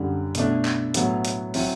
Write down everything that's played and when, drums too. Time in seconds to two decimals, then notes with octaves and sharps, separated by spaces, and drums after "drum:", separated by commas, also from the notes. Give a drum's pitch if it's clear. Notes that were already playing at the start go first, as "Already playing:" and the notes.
Already playing: F#2 D3 G3
0.35 B2 A3 D4, drum: hi-hat
0.65 drum: clap
0.94 A2 F#3 B3, drum: hi-hat
1.25 drum: hi-hat
1.54 F#3 C4 E4, drum: open hi-hat